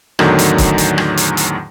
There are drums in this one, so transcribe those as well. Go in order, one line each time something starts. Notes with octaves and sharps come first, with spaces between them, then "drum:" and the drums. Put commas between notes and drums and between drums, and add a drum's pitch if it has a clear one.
E2 A2 D3 D#3 F#3, drum: rim click
drum: hi-hat
drum: kick, hi-hat
drum: hi-hat
drum: rim click
drum: hi-hat
drum: hi-hat